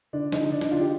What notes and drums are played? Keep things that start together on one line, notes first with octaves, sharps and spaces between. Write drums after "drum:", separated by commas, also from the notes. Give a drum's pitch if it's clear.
D3 D4
D3 D#4, drum: snare
D3 D4
D#4, drum: snare
D3 D4 F4
D#4 G4